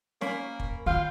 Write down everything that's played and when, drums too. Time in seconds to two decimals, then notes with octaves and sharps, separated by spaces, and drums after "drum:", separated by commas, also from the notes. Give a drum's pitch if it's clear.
0.21 A#3 C#4 B5, drum: snare
0.60 drum: kick
0.86 D#3 F4 F5 G5